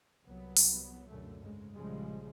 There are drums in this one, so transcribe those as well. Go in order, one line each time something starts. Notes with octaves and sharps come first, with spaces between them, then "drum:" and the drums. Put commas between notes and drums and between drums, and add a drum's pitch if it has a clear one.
C2 F#3 B3
drum: open hi-hat
C#2 F#2 B2 D3 A3
G#2 C#3 G#3
A#1 C#3 F3 G3 G#3